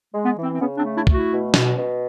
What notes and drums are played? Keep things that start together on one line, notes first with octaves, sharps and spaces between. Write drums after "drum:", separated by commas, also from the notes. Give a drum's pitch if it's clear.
G#3
B3
E3
C4
C4
C#3 B3 C#4
C4 D4
A3
D4 E4
A3, drum: kick
E4 F#4
B2
B2, drum: snare
B2